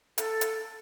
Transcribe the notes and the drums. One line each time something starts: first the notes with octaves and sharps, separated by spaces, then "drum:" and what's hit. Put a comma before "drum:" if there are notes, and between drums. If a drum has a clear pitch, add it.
A4, drum: hi-hat
drum: hi-hat